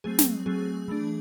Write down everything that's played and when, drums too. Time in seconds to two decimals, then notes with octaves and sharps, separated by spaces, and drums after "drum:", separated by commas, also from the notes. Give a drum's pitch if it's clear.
0.04 F#3 A3 C4 G#4
0.19 drum: snare
0.46 F#3 A3 C4 G#4
0.88 E3 A3 D4